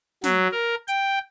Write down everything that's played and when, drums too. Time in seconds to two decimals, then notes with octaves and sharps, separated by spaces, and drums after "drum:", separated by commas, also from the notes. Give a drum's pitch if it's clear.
0.24 F#3, drum: snare
0.52 A#4
0.88 G5, drum: hi-hat